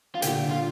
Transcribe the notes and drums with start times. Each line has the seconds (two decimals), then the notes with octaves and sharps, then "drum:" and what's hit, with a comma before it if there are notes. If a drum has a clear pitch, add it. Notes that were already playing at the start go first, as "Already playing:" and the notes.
0.15 F4
0.22 A#2 D3 G4, drum: hi-hat
0.51 F4